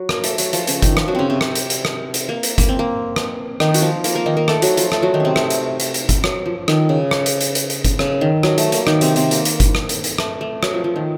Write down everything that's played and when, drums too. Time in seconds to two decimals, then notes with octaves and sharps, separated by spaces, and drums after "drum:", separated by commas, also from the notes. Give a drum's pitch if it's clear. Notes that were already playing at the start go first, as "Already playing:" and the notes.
Already playing: F#3 F#4
0.09 A#3 A#4, drum: rim click
0.24 A3 A4, drum: hi-hat
0.38 F#3 F#4, drum: hi-hat
0.53 F3 F4, drum: hi-hat
0.67 C#3 C#4, drum: hi-hat
0.82 D#3 D#4, drum: kick G1, hi-hat
0.97 F3 F4, drum: rim click
1.08 F#3 F#4
1.15 C#3 C4 C#4
1.30 C3 C4
1.41 drum: rim click
1.55 drum: hi-hat
1.70 drum: hi-hat
1.85 drum: rim click
2.14 drum: hi-hat
2.29 A#3
2.43 drum: hi-hat
2.58 A#3, drum: kick G1, hi-hat
2.69 C4
2.79 A#3
3.16 drum: rim click
3.60 D#3 D#4, drum: rim click
3.74 F#4, drum: hi-hat
3.82 F3 F4
4.04 A#3 A#4, drum: hi-hat
4.15 A#3 A#4
4.26 D#3 D#4
4.37 A#3 A#4
4.48 A3 A4, drum: rim click
4.62 F#3 F#4, drum: hi-hat
4.77 F3 F4, drum: hi-hat
4.92 A3 A4, drum: rim click
5.02 F#3 F#4
5.14 D#3 D#4
5.20 C3 C4 C#4
5.36 A3, drum: rim click
5.50 drum: hi-hat
5.80 drum: hi-hat
5.94 drum: hi-hat
6.09 drum: kick G1, hi-hat
6.24 F#3, drum: rim click
6.46 F3
6.68 D#3, drum: rim click
6.89 C#3
7.11 drum: rim click
7.26 drum: hi-hat
7.41 drum: hi-hat
7.55 drum: hi-hat
7.70 drum: hi-hat
7.84 drum: kick G1, hi-hat
7.99 C#3, drum: rim click
8.21 D#3
8.43 F#3, drum: rim click
8.58 A3, drum: hi-hat
8.72 A#3, drum: hi-hat
8.87 D#3 D#4, drum: rim click
9.01 C3 C4, drum: hi-hat
9.16 C3 C4, drum: hi-hat
9.31 A#3, drum: hi-hat
9.45 drum: hi-hat
9.60 drum: kick G1, hi-hat
9.75 drum: rim click
9.89 drum: hi-hat
10.04 drum: hi-hat
10.18 A3, drum: rim click
10.41 A3
10.63 F#3, drum: rim click
10.73 F3
10.84 F3
10.96 D#3